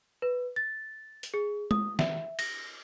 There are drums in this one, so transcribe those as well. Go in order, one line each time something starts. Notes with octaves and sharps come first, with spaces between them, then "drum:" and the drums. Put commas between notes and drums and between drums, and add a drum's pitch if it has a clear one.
B4
A6
drum: hi-hat
G#4
D#6, drum: tom G#3
E5, drum: snare
A#6, drum: cymbal